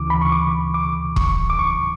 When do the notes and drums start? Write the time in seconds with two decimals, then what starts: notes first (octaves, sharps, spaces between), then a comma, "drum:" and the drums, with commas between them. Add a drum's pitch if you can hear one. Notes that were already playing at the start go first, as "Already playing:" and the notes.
Already playing: D2 C#3 E3 D6
0.10 B5
0.22 C#6
0.32 D6
0.74 D6
1.16 C#6, drum: kick
1.50 D6
1.59 C#6